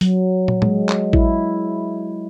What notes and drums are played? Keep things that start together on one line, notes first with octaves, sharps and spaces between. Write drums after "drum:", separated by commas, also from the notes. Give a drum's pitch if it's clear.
F#3, drum: hi-hat
drum: tom
G#3, drum: tom
drum: clap
E4, drum: kick A1